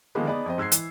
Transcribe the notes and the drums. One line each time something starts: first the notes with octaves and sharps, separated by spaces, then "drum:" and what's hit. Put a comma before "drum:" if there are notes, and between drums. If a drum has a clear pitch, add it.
D3 D#3 F3 G#3 A#3 B3
B3 D#4 G#4 D5
F2 C4 D#5
G#2 E6 G#6 C7
E3, drum: hi-hat